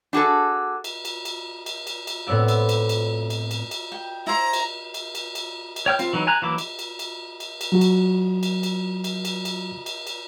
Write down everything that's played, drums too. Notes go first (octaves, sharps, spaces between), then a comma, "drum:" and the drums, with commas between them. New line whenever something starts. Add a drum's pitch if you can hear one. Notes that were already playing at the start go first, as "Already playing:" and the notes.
D4 F#4 G#4 A4
drum: cymbal
drum: cymbal
drum: cymbal
drum: cymbal
drum: cymbal
drum: cymbal
A2 B3 C4 D5 E5
drum: cymbal
drum: cymbal
drum: cymbal
drum: cymbal
drum: cymbal
drum: cymbal
G5
E4 C5 A#5
drum: cymbal
drum: cymbal
drum: cymbal
drum: cymbal
drum: cymbal
C#5 G5 F6 G6
C4 F4, drum: cymbal
E3 F#3 D#4
G#5 A#5 F#6
E3 F#3 A#3 E4 D6
drum: cymbal
drum: cymbal
drum: cymbal
drum: cymbal
drum: cymbal
F#3 F#4
drum: cymbal
drum: cymbal
drum: cymbal
drum: cymbal
drum: cymbal
drum: cymbal
drum: cymbal
drum: cymbal